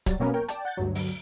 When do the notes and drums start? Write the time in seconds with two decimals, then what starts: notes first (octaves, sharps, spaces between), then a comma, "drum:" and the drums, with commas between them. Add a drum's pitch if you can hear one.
0.06 F#3 G3 A6, drum: kick C#1, hi-hat
0.20 B2 F#3 A#3 B3 C#4 A#4
0.34 A#4 C#5 G5
0.48 D5 G5 A5, drum: hi-hat
0.65 F#5 G6 A6
0.77 D2 G2 F#3
0.95 drum: open hi-hat